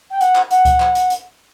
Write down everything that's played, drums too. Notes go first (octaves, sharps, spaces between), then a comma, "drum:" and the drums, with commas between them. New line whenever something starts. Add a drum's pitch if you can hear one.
G5
F#5, drum: hi-hat
drum: clap
F#5, drum: hi-hat
drum: kick C#2, hi-hat
drum: clap
drum: hi-hat
drum: hi-hat